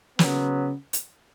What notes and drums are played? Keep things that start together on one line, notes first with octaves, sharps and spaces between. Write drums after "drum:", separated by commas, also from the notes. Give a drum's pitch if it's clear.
C#3 F#3 B3, drum: snare
drum: hi-hat